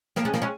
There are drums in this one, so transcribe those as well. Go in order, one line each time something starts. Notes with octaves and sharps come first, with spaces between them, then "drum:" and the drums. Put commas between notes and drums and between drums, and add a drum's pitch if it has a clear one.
F3 A#3, drum: snare
G#3 C#4
F3 A#3, drum: snare
G#3 C#4